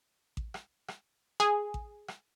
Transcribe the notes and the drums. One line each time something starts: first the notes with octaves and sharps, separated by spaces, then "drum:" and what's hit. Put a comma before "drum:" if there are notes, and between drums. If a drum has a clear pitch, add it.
drum: kick A1
drum: rim click
drum: rim click
G#4, drum: rim click
drum: kick A1
drum: rim click